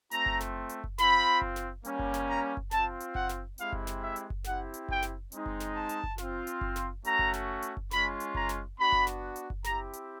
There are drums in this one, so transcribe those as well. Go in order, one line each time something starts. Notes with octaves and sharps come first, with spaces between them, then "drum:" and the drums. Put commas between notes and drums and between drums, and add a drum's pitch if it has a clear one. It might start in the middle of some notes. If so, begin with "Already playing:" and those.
A3 C4 F4 A#5, drum: hi-hat
drum: kick F#1
drum: snare
drum: hi-hat
drum: kick F#1
C4 F4 B5, drum: snare
drum: kick F#1
drum: snare
G3 A#3 C#4, drum: hi-hat
drum: kick F#1
drum: snare
A#5
drum: kick F#1
C4 F4 A5, drum: snare
drum: hi-hat
F#5, drum: kick F#1
drum: snare
G#3 C4 E4 G4 F5, drum: hi-hat
drum: kick F#1
drum: snare
E5
drum: hi-hat
drum: kick F#1
C4 E4 G4 F#5, drum: snare
drum: hi-hat
G5, drum: kick F#1
drum: snare
G#3 C4 D#4, drum: hi-hat
drum: kick F#1
drum: snare
A5
drum: hi-hat
drum: kick F#1
C4 F4, drum: snare
drum: hi-hat
drum: kick F#1
drum: snare
A3 C#4 F#4 A#5, drum: hi-hat
drum: kick F#1
drum: snare
drum: hi-hat
drum: kick F#1
G#3 C#4 F4 B5, drum: snare
drum: hi-hat
A#5, drum: kick F#1
drum: snare
B3 D4 F#4 B5
drum: kick F#1
drum: snare
drum: hi-hat
drum: kick F#1
C4 E4 G4 A#5, drum: snare
drum: hi-hat